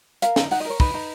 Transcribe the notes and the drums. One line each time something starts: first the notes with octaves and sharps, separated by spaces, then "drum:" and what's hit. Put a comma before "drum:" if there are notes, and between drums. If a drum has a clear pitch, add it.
A#4 F5, drum: hi-hat
D#4, drum: snare
D#4 F#5, drum: open hi-hat
D#5
A#4 C#5
D#4 B4, drum: kick, open hi-hat
D#4